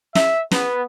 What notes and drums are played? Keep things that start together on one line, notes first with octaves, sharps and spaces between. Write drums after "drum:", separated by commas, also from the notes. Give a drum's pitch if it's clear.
E5, drum: snare
B3, drum: snare